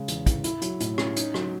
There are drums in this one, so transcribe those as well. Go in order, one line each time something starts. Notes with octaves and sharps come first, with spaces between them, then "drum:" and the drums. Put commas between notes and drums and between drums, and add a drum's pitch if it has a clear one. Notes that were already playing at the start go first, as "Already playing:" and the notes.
Already playing: C#3 G#3 C#4
E2, drum: hi-hat
E3, drum: kick, hi-hat
E4, drum: hi-hat
F#3, drum: hi-hat
A2, drum: hi-hat
C#4, drum: rim click
D#4, drum: hi-hat
F#3, drum: rim click